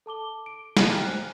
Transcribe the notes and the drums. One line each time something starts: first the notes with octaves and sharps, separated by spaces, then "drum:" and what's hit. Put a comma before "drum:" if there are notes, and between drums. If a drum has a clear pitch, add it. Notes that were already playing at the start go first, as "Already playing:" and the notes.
A4 A5 D6 G7
D7
D#7, drum: snare
G5 A#5 F6 F#6
C5 G#5